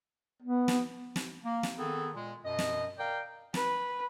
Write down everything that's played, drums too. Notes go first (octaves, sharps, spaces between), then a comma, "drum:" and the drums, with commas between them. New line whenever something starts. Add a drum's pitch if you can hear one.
B3
drum: snare
drum: snare
A#3
drum: snare
D#3 B3 C4 G#4 A4
A#2 G#3
F#2 B2 D#5
drum: snare
A#4 D5 F5 G5
B4, drum: snare